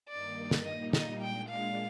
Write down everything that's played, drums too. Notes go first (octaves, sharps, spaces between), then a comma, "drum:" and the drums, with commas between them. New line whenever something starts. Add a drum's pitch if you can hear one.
G2 D#3 A#3 D#4 D5
drum: snare
A#2 G3 A#3 D#4 D#5
D#5, drum: snare
A#2 G#3 D4 G5
F5